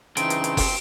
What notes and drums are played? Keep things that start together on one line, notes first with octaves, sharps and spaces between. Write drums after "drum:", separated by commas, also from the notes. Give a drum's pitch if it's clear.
G2 C#3 E3 C4 D#4 C6 D7, drum: hi-hat
drum: hi-hat
drum: hi-hat
drum: kick F#1, open hi-hat